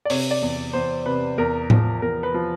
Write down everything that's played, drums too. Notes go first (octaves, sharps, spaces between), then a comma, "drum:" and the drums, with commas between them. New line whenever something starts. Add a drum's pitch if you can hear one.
D5
C3 C#5, drum: open hi-hat
D5
E2
E2 C5
C3 B4
E2 A#4
F3, drum: tom A2
E2 A#4
B4
F3